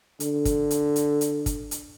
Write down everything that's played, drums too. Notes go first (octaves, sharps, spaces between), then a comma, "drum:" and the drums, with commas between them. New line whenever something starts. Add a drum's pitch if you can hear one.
D3, drum: hi-hat
drum: kick, hi-hat
drum: hi-hat
drum: hi-hat
drum: hi-hat
drum: kick, hi-hat
drum: hi-hat